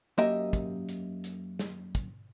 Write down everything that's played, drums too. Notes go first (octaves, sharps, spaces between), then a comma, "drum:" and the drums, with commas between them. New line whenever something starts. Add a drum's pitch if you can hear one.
F#2 A#3 G4 A#4 D#5 E5, drum: hi-hat
drum: kick, hi-hat
drum: hi-hat
drum: hi-hat
drum: snare
drum: kick, hi-hat